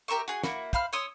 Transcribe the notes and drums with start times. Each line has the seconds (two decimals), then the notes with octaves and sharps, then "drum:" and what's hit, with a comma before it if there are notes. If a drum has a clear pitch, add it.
0.08 G4 A#4 E5 C#6
0.28 F#4 G#4
0.43 A#3 E4 F#4, drum: snare
0.73 C5 F5 B5 F6, drum: kick
0.93 C#5 C6 D#6 E6